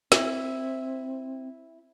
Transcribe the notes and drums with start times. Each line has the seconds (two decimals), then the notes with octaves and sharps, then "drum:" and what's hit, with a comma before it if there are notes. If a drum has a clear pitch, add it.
0.12 C4 E4, drum: snare